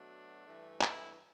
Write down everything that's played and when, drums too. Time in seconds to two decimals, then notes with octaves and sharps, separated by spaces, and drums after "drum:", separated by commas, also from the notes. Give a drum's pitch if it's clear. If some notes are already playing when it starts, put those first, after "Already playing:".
Already playing: B2 F#3 A3 D4
0.46 G2 E3 A3
0.81 E4, drum: clap